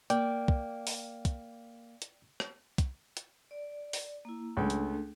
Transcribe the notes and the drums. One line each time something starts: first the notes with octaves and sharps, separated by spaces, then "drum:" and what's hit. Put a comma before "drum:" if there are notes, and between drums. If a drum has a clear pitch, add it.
A#3 D5 G5, drum: hi-hat
drum: kick
drum: open hi-hat
drum: kick, hi-hat
drum: hi-hat
drum: rim click
drum: kick, hi-hat
drum: hi-hat
D5
drum: open hi-hat
A#3 E4
C#2 A3 D4 A4
drum: hi-hat